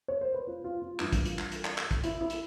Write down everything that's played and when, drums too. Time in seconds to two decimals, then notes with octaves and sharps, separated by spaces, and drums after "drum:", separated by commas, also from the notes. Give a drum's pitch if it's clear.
0.08 C#5
0.21 C5
0.34 B4
0.47 F4
0.64 F4
0.82 F4
0.99 G2 E3 E4, drum: clap
1.13 drum: kick, hi-hat
1.25 F4, drum: hi-hat
1.39 drum: clap
1.52 drum: hi-hat
1.65 drum: clap
1.78 drum: clap
1.91 drum: kick, hi-hat
2.04 E4, drum: hi-hat
2.21 E4
2.30 drum: hi-hat